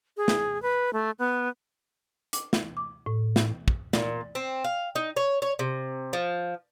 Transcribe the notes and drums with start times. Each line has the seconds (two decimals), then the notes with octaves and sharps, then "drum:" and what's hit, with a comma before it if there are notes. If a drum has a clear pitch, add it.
0.17 G#4
0.28 drum: snare
0.62 B4
0.93 A3
1.19 B3
2.33 D6, drum: hi-hat
2.53 drum: snare
2.77 D6
3.06 A2
3.36 drum: snare
3.68 drum: kick
3.93 A#2, drum: snare
4.35 C4
4.64 F5
4.95 D#4
5.17 C#5
5.42 C#5
5.59 C3
6.13 F3